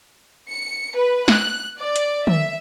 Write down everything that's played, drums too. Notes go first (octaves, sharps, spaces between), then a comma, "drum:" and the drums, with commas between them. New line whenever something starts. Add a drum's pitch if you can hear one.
C#7
B4
F#6, drum: snare
D5
drum: hi-hat
E5, drum: tom